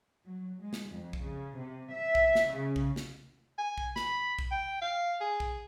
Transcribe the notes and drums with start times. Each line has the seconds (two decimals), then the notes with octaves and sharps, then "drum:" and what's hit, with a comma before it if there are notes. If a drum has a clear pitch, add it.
0.25 F#3
0.61 G#3
0.73 drum: snare
0.91 F2
1.13 drum: kick
1.25 C#3
1.59 C3
1.95 E5
2.15 drum: kick
2.35 drum: snare
2.53 C#3
2.76 drum: kick
2.96 drum: snare
3.58 G#5
3.78 drum: kick
3.96 B5, drum: snare
4.39 drum: kick
4.51 G5
4.81 F5
5.21 G#4
5.40 drum: kick